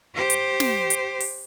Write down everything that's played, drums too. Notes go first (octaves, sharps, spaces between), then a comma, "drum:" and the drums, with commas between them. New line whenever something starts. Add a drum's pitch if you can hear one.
G4 C5
drum: hi-hat
drum: snare
drum: hi-hat
drum: open hi-hat